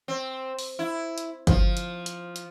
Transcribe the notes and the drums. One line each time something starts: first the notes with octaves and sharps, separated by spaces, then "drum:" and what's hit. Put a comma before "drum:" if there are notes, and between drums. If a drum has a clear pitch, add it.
C4
drum: open hi-hat
E4
drum: hi-hat
F3, drum: kick G1, hi-hat
drum: hi-hat
drum: hi-hat
drum: hi-hat